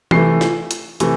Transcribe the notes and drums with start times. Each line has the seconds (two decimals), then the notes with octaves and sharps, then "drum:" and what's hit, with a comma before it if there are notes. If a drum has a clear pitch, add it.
0.11 C3 E3 A3 C7, drum: tom E3
0.41 drum: snare
0.71 drum: hi-hat
1.00 C3 E3 A3, drum: hi-hat